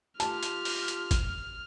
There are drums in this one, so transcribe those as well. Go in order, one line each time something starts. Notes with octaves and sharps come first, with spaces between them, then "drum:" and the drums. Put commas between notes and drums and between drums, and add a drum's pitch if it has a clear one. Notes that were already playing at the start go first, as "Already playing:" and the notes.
F4 G4 A5 F6, drum: hi-hat
drum: hi-hat
drum: open hi-hat
drum: hi-hat
drum: kick, hi-hat